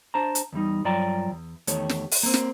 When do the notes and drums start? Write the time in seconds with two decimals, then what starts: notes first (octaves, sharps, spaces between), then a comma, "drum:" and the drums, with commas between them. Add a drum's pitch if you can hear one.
0.14 D4 C5 A5 A#5
0.35 drum: hi-hat
0.53 E2 E3 G3 D#4
0.84 G2 F3 F#3 D5 G5 A#5
1.31 E2
1.67 E2 D#3 A3 G4 C#5, drum: hi-hat
1.89 drum: snare
2.11 drum: open hi-hat
2.23 A#3 C4
2.34 drum: snare